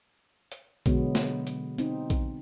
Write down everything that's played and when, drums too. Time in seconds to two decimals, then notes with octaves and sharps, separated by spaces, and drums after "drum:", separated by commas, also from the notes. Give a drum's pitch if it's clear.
0.52 drum: hi-hat
0.86 B2 D3 F#3 G#3 B3, drum: kick A#1, hi-hat
1.15 drum: snare
1.47 drum: hi-hat
1.78 C4 D#4, drum: hi-hat
2.10 drum: kick A#1, hi-hat